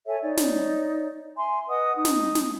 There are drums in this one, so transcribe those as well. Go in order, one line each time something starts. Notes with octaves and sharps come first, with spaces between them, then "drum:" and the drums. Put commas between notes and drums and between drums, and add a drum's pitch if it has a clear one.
A4 C#5 E5 G#5
D#4 C#5 D5
drum: snare
E5 G#5 C6
B4 D#5 F#5 D#6
D#4 D#6
drum: snare
drum: snare